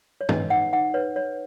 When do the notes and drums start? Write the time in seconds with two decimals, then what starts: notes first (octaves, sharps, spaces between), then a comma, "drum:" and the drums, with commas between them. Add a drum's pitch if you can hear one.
0.21 C#5
0.29 B4 D#5, drum: tom
0.50 D#4 F#5
0.73 D#4 F#5
0.94 B4 C#5
1.16 C#5